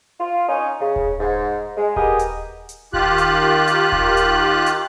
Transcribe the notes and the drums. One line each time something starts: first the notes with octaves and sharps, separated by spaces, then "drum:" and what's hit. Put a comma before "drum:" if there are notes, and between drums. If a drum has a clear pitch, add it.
F4
C#4 D#4
C#3
drum: kick D#1
G#2
G#3
B3 G4 G#4 A#4 D#5, drum: kick D#1
drum: hi-hat
drum: hi-hat
D#3 F4 G4 F#6, drum: kick D#1
drum: hi-hat
drum: hi-hat
drum: kick D#1
drum: hi-hat
drum: hi-hat